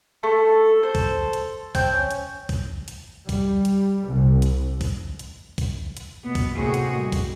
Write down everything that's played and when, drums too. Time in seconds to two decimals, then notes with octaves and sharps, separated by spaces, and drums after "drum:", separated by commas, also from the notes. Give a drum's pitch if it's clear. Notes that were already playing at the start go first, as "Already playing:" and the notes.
0.23 A3 A4
0.83 C5
0.95 drum: kick, open hi-hat
1.33 drum: hi-hat
1.75 C4 G6, drum: kick, open hi-hat
1.93 C#4
2.11 drum: hi-hat
2.49 drum: kick, open hi-hat
2.88 drum: hi-hat
3.29 G3, drum: kick, open hi-hat
3.65 drum: hi-hat
4.08 C2
4.42 drum: hi-hat
4.81 drum: kick, open hi-hat
5.19 drum: hi-hat
5.58 drum: kick, open hi-hat
5.97 drum: hi-hat
6.24 B2 B3
6.35 drum: kick, open hi-hat
6.55 D#2 A2 C3 C4 F#4 G#4
6.74 drum: hi-hat
6.96 G3
7.12 drum: kick, open hi-hat